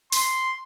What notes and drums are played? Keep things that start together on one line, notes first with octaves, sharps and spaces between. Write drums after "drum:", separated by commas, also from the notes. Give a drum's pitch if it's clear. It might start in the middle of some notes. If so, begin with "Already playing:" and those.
C6, drum: open hi-hat